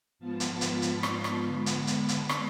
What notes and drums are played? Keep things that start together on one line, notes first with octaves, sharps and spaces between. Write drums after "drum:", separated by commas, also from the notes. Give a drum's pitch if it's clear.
G#2 F3 B3 F4 A5
drum: hi-hat
B5
drum: hi-hat
drum: hi-hat
drum: rim click
drum: rim click
D3 G#3 B3
drum: hi-hat
drum: hi-hat
A5, drum: hi-hat
drum: rim click